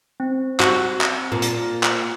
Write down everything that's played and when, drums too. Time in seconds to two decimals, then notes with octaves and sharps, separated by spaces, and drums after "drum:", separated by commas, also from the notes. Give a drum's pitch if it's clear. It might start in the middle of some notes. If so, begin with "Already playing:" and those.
0.20 C4
0.60 F#4, drum: clap
1.01 drum: clap
1.32 A#2
1.42 drum: hi-hat
1.83 drum: clap